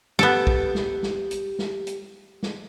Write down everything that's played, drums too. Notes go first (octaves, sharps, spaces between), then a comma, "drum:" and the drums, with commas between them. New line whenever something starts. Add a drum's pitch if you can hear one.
B3 G4 A4, drum: snare
drum: kick
drum: snare
drum: snare
drum: hi-hat
drum: snare
drum: hi-hat
drum: snare